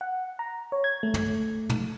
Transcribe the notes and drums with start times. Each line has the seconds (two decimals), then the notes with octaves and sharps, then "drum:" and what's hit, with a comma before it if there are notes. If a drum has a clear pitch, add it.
0.01 F#5
0.39 A#5
0.72 C#5
0.84 G#6
1.03 A3
1.14 drum: tom
1.69 drum: tom